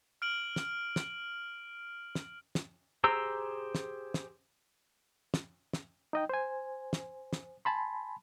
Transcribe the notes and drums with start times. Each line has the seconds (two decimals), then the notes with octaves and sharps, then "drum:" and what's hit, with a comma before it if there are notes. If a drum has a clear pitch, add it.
0.22 F6 D7 F#7
0.56 drum: snare
0.96 drum: snare
2.15 drum: snare
2.55 drum: snare
3.04 G4 G#4 C5 A#5 E6
3.75 drum: snare
4.14 drum: snare
5.34 drum: snare
5.73 drum: snare
6.13 D#4 D#5 G5
6.29 C5 G#5
6.93 drum: snare
7.33 drum: snare
7.65 G#5 A5 B5 C6